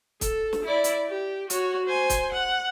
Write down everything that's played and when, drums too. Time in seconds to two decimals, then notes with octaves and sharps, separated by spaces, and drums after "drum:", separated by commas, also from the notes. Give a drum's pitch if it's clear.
0.21 A4, drum: kick, hi-hat
0.53 drum: snare
0.65 E4 D5
0.84 drum: hi-hat
1.08 G4
1.50 F#4 C#5, drum: hi-hat
1.85 C5 G#5
2.10 drum: kick, hi-hat
2.33 F#5